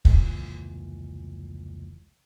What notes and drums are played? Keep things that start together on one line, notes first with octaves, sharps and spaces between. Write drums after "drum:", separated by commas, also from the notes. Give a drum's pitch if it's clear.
F1 C#2 A#2 E3, drum: kick